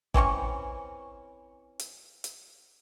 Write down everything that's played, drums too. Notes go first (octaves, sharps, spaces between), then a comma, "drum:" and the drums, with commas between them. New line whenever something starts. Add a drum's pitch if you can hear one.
E3 C4 C#4 C#6, drum: kick
drum: hi-hat
drum: hi-hat